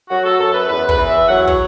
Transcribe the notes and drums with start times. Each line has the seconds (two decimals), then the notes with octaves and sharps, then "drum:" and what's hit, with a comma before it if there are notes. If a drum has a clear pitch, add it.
0.10 F#3 F#4
0.25 A4
0.39 F#2 A4
0.54 B4
0.68 E2 B4
0.89 B4, drum: kick
0.98 E3
1.09 E5
1.28 F#3 F#5
1.47 C#5, drum: kick